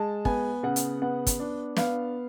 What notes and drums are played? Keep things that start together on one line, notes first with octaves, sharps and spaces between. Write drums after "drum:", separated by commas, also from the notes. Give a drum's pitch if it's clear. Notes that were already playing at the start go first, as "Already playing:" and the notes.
Already playing: G#3 A5
B3 G#5, drum: kick
C#3 F#5
drum: hi-hat
B3 F#5
drum: kick, hi-hat
D4
B3 F5, drum: snare